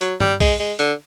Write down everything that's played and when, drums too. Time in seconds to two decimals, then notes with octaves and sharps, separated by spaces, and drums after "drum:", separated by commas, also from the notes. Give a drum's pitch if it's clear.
0.01 F#3, drum: hi-hat
0.20 G3, drum: tom G2
0.40 G#3, drum: kick B1, open hi-hat
0.60 G#3
0.79 D3, drum: hi-hat